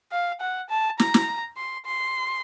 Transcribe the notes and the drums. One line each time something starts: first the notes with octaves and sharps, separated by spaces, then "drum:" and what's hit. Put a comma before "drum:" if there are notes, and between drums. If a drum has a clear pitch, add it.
F5
F#5
A5
A#5, drum: snare
drum: snare
C6
C6